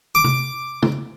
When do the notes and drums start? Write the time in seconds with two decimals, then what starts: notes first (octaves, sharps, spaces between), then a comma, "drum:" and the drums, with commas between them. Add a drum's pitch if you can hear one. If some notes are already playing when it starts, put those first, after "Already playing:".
0.15 D6
0.24 drum: tom C3
0.82 drum: tom